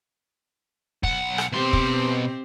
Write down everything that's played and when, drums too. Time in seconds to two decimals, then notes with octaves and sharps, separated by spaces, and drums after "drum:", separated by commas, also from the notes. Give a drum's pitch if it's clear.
1.03 B1 F#5, drum: kick
1.38 drum: rim click
1.52 B2 C4 G4 C5 C6
1.73 drum: kick